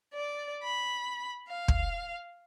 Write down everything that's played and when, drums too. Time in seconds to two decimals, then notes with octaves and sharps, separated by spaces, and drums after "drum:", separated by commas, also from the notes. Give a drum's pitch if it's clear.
0.13 D5
0.64 B5
1.48 F5
1.68 drum: kick